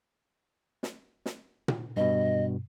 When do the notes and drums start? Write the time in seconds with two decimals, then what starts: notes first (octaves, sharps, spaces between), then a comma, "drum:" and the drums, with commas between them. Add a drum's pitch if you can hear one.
0.83 drum: snare
1.26 drum: snare
1.68 drum: tom A#2
1.97 G2 B2 D#5